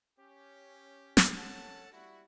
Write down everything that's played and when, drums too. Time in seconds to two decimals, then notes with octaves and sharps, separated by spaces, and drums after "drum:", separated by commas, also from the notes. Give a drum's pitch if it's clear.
0.18 C#4 G4
1.17 drum: snare
1.36 C#4 A4 F#5 A5
1.92 G3 E4 F#4